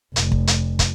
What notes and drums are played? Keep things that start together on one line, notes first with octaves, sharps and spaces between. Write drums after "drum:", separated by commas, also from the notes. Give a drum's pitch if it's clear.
F1, drum: hi-hat
drum: kick
drum: hi-hat
drum: kick, hi-hat